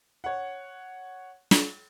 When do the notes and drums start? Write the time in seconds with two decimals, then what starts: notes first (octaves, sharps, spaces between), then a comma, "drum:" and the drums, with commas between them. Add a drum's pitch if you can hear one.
0.24 C#5 F#5
1.51 drum: snare